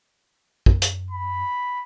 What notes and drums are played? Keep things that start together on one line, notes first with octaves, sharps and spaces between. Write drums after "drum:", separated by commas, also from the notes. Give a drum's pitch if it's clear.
F#2, drum: kick
drum: hi-hat
B5